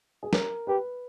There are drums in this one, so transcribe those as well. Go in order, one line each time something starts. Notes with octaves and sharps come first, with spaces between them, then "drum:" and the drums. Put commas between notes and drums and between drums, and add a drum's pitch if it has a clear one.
G#4
A#4, drum: snare
G4 B4